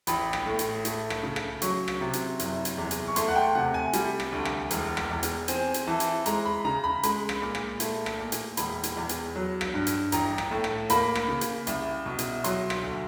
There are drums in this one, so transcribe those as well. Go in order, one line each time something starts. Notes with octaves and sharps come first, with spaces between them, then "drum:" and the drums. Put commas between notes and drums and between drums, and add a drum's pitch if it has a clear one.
A1 B5, drum: hi-hat
drum: rim click
A2
drum: hi-hat
A3, drum: hi-hat
drum: rim click
C#3
drum: rim click
F#3 C#6, drum: hi-hat
drum: rim click
C3
drum: hi-hat
F#1, drum: hi-hat
drum: hi-hat
E2
drum: hi-hat
C#6
A3 C6, drum: hi-hat
F#5
G5
C3 F#5
G#5
G3, drum: hi-hat
drum: rim click
D2
drum: rim click
E1, drum: hi-hat
drum: rim click
E2
drum: hi-hat
C4 G#5, drum: hi-hat
drum: hi-hat
E3 A5
drum: hi-hat
G#3 A#5, drum: hi-hat
B5
C#3 A#5
B5
G#3 B5, drum: hi-hat
drum: rim click
A#2
drum: rim click
A3, drum: hi-hat
drum: rim click
A#2
drum: hi-hat
E1 B5, drum: hi-hat
drum: hi-hat
E2
drum: hi-hat
F#3
drum: rim click
G2
drum: hi-hat
A1 A#5, drum: hi-hat
drum: rim click
A2
drum: rim click
A#3 B5, drum: hi-hat
drum: rim click
C#3
drum: hi-hat
C2, drum: hi-hat
B2
drum: hi-hat
F#3 C6, drum: hi-hat
drum: rim click
D2